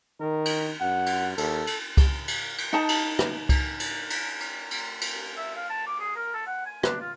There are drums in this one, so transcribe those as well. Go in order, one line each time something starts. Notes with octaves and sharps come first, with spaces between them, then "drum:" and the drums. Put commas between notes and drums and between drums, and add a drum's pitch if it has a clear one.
D#3 A#4
drum: cymbal
F#2 F#5
drum: cymbal
D#2 A4, drum: cymbal
drum: cymbal
drum: kick C2, cymbal
drum: cymbal
drum: cymbal
D#4 A5
drum: cymbal
drum: rim click
drum: kick C2, cymbal
drum: cymbal
drum: cymbal
drum: cymbal
drum: cymbal
drum: cymbal
E5
F5
A5
D6
G#4
A#4
A4
F#5
G#5
D4, drum: rim click
F4